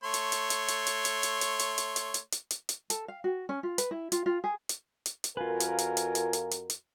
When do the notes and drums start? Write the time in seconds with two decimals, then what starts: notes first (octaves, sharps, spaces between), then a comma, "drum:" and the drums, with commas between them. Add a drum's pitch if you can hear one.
0.04 A3 C#5 C6
0.14 drum: hi-hat
0.32 drum: hi-hat
0.50 drum: hi-hat
0.68 drum: hi-hat
0.87 drum: hi-hat
1.05 drum: hi-hat
1.23 drum: hi-hat
1.41 drum: hi-hat
1.59 drum: hi-hat
1.78 drum: hi-hat
1.96 drum: hi-hat
2.14 drum: hi-hat
2.32 drum: hi-hat
2.51 drum: hi-hat
2.69 drum: hi-hat
2.90 A4, drum: hi-hat
3.08 F5
3.24 F#4
3.49 C#4
3.63 F4
3.78 B4, drum: hi-hat
3.91 E4
4.12 F4, drum: hi-hat
4.26 F4
4.44 G#4
4.69 drum: hi-hat
5.06 drum: hi-hat
5.24 drum: hi-hat
5.37 F2 F4 F#4 A#4 B4 F5 G#5
5.60 drum: hi-hat
5.78 drum: hi-hat
5.97 drum: hi-hat
6.15 drum: hi-hat
6.33 drum: hi-hat
6.51 drum: hi-hat
6.70 drum: hi-hat